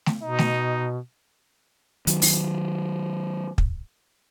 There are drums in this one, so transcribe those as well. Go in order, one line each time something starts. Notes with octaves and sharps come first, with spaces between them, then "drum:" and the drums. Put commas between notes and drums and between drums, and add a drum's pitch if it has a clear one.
drum: snare A3
B2 D#4
drum: snare A3
D#3 F#3, drum: hi-hat
drum: open hi-hat
drum: kick